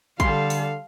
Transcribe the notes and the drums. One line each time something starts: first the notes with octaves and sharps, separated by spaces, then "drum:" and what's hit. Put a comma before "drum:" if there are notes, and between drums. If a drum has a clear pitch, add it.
D3 G3 A4 F5 C6, drum: kick, hi-hat
drum: open hi-hat